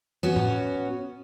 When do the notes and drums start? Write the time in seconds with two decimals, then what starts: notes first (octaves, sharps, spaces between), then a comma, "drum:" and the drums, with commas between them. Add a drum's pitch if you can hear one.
0.23 B3 C#4 F#4
0.36 drum: tom A2